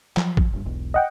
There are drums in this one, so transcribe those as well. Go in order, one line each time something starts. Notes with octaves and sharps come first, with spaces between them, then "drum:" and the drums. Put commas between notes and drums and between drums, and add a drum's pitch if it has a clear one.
F3 F#3, drum: clap
drum: kick A1
G1 G2
E1 B1
D#5 F#5 G5